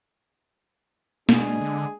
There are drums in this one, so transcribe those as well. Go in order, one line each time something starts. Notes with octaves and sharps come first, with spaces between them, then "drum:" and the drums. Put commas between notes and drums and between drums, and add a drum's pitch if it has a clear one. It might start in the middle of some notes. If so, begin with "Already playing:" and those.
B2 G#3 D4 G#4, drum: snare
D3